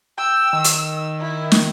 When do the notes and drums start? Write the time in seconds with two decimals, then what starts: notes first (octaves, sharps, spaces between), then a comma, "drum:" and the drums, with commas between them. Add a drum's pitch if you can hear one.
0.18 G5 E6
0.53 D#3
0.64 drum: hi-hat
1.20 E4
1.52 drum: snare